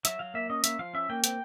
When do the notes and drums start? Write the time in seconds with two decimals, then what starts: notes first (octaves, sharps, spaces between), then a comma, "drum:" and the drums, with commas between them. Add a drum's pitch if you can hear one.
0.05 F#3 E5, drum: hi-hat
0.19 F#3 F5
0.34 A#3 E5
0.50 C#4 D#5
0.64 A#3 E5, drum: hi-hat
0.79 F3 F5
0.93 C#4 E5
1.10 A#3 G5
1.24 C4 G5, drum: hi-hat